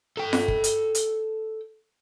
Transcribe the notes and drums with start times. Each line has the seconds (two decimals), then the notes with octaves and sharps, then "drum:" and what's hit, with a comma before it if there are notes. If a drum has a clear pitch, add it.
0.17 A4 G5
0.33 drum: snare F4
0.48 drum: kick
0.64 drum: hi-hat
0.95 drum: hi-hat